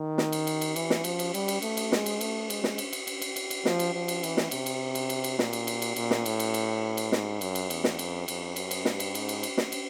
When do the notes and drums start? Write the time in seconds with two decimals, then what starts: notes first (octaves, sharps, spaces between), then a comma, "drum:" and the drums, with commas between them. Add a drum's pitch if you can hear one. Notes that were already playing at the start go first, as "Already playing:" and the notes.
Already playing: D#3
0.18 drum: snare
0.32 drum: cymbal
0.47 drum: cymbal
0.61 drum: cymbal
0.76 E3, drum: cymbal
0.90 drum: snare
1.04 F3, drum: cymbal
1.19 drum: cymbal
1.34 G3, drum: cymbal
1.48 drum: cymbal
1.62 A3, drum: cymbal
1.77 drum: cymbal
1.92 G#3, drum: snare
2.06 drum: cymbal
2.21 A3, drum: cymbal
2.50 G#3, drum: cymbal
2.64 drum: snare
2.78 drum: cymbal
2.93 drum: cymbal
3.07 drum: cymbal
3.22 drum: cymbal
3.36 drum: cymbal
3.50 drum: cymbal
3.65 F3, drum: snare
3.79 drum: cymbal
3.94 F3
4.08 drum: cymbal
4.23 E3, drum: cymbal
4.37 drum: snare
4.51 C3, drum: cymbal
4.66 drum: cymbal
4.95 drum: cymbal
5.09 drum: cymbal
5.24 drum: cymbal
5.39 A#2, drum: snare
5.53 drum: cymbal
5.67 drum: cymbal
5.82 drum: cymbal
5.96 A#2, drum: cymbal
6.11 drum: snare
6.26 A2, drum: cymbal
6.40 drum: cymbal
6.54 drum: cymbal
6.97 drum: cymbal
7.12 G#2, drum: snare
7.41 F#2, drum: cymbal
7.55 drum: cymbal
7.70 E2, drum: cymbal
7.84 drum: snare
7.99 F2, drum: cymbal
8.28 F2, drum: cymbal
8.56 F#2, drum: cymbal
8.71 drum: cymbal
8.85 G2, drum: snare
9.00 drum: cymbal
9.15 G#2, drum: cymbal
9.29 drum: cymbal
9.43 drum: cymbal
9.58 drum: snare
9.72 drum: cymbal